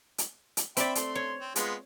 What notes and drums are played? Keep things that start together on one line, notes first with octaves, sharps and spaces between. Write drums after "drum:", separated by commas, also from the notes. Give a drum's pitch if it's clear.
drum: hi-hat
drum: hi-hat
C4 D5 E5 G5 B5, drum: hi-hat
A3 C6, drum: hi-hat
C#5
C4
G#3 B3 F4, drum: hi-hat